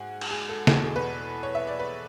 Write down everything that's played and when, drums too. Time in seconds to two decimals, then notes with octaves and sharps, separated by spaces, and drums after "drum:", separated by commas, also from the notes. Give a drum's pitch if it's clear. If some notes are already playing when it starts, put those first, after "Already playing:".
Already playing: G#2 F#4 G#4
0.21 drum: cymbal
0.31 G#4
0.49 A4
0.67 E2 B2 G#4, drum: snare
0.77 A4
0.86 G#4
0.96 B4
1.43 C#5
1.55 E5
1.67 D5
1.79 B4